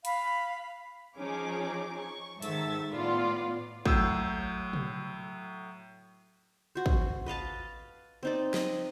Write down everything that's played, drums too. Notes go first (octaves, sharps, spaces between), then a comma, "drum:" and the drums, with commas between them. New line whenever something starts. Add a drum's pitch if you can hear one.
F5 B5, drum: hi-hat
F3 C#4 D#4 G#4 D6
C#6
G#2 D#3 A4 E5 E6 A6, drum: hi-hat
A2 B3 F4 D5
A2 F#3 E6 G6, drum: kick
drum: tom
F#4 C5
drum: kick
B4 D#5 F5 A5
C4 D#4 D5
D#5, drum: snare